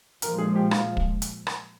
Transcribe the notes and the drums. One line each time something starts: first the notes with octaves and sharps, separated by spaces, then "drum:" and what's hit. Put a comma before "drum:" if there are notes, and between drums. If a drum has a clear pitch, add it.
A#2 F3 G#3 A#4, drum: hi-hat
G#4
G4
F4, drum: rim click
drum: kick
drum: hi-hat
drum: rim click